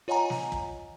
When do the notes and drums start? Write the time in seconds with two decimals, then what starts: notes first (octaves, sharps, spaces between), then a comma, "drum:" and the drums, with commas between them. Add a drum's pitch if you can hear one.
0.08 F4 C#5 D#5 F#5 G#5 A#5
0.30 drum: snare
0.52 drum: kick